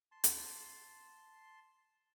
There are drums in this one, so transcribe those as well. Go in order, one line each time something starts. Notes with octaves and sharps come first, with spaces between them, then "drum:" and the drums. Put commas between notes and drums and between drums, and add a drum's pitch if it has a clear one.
A5 C6
drum: hi-hat